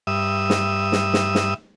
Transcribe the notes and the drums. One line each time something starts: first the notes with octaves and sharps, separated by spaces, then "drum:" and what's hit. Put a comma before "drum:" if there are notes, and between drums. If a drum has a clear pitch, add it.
G2 E5 D#6
drum: snare
drum: snare
drum: snare
drum: snare